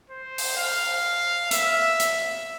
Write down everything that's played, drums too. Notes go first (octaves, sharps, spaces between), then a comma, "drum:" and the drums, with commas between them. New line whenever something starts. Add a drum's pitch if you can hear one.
C5
drum: open hi-hat
F5
E5, drum: hi-hat
drum: hi-hat